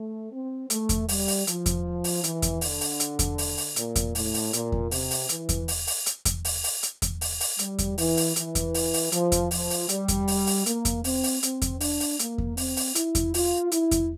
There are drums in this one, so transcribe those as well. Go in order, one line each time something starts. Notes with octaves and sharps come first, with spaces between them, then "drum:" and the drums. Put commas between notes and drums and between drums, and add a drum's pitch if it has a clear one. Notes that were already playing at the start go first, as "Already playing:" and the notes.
Already playing: A3
C4
A3, drum: hi-hat
drum: kick E2, hi-hat
G3, drum: open hi-hat
drum: open hi-hat
F3, drum: hi-hat
drum: kick E2, hi-hat
drum: open hi-hat
E3, drum: hi-hat
drum: kick E2, hi-hat
D3, drum: open hi-hat
drum: open hi-hat
drum: hi-hat
drum: kick E2, hi-hat
drum: open hi-hat
drum: open hi-hat
A#2, drum: hi-hat
drum: kick E2, hi-hat
A2, drum: open hi-hat
drum: open hi-hat
A#2, drum: hi-hat
drum: kick E2
C3, drum: open hi-hat
drum: open hi-hat
E3, drum: hi-hat
drum: kick E2, hi-hat
drum: open hi-hat
drum: open hi-hat
drum: hi-hat
drum: kick E2, hi-hat
drum: open hi-hat
drum: open hi-hat
drum: hi-hat
drum: kick E2, hi-hat
drum: open hi-hat
drum: open hi-hat
G3, drum: hi-hat
drum: kick E2, hi-hat
E3, drum: open hi-hat
drum: open hi-hat
E3, drum: hi-hat
drum: kick E2, hi-hat
drum: open hi-hat
drum: open hi-hat
F3, drum: hi-hat
drum: kick E2, hi-hat
F3, drum: open hi-hat
drum: open hi-hat
G3, drum: hi-hat
drum: kick E2, hi-hat
drum: open hi-hat
drum: open hi-hat
A#3, drum: hi-hat
drum: kick E2, hi-hat
C4, drum: open hi-hat
drum: open hi-hat
C4, drum: hi-hat
drum: kick E2, hi-hat
D4, drum: open hi-hat
drum: open hi-hat
A#3, drum: hi-hat
drum: kick E2
C4, drum: open hi-hat
drum: open hi-hat
E4, drum: hi-hat
drum: kick E2, hi-hat
F4, drum: open hi-hat
E4, drum: hi-hat
drum: kick E2, hi-hat